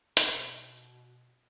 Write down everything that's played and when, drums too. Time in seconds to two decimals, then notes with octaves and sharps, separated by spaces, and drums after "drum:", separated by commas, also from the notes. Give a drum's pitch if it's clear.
0.17 C#3, drum: hi-hat
0.25 B2